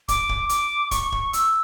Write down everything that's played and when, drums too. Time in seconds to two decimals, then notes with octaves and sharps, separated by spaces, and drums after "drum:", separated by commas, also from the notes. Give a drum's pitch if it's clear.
0.08 D6, drum: kick, hi-hat
0.29 drum: kick
0.49 D6, drum: hi-hat
0.91 C#6, drum: kick, hi-hat
1.12 drum: kick
1.33 E6, drum: hi-hat